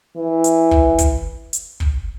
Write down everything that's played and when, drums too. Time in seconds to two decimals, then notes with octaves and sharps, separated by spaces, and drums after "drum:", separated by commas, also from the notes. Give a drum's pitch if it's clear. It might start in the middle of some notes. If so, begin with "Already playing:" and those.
0.17 E3
0.44 drum: hi-hat
0.71 drum: kick
0.98 drum: kick, hi-hat
1.53 drum: hi-hat
1.80 drum: kick